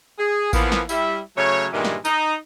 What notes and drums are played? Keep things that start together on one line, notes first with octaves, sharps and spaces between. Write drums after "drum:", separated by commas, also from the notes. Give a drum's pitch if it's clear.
G#4
E3 F3 A#3 B3, drum: kick A1, tambourine
drum: snare
G3 E4 E5, drum: tambourine
C#3 F#3 A3 C#5
G2 A#2 D#3 E3 G3 G#3
drum: snare
D#4, drum: tambourine